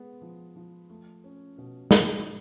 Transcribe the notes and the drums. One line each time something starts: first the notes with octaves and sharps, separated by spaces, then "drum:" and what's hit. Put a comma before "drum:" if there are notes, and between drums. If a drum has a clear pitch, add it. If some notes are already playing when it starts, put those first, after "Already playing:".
Already playing: G#3 B3
F3
F3
A3
C#4
B2
F#4, drum: snare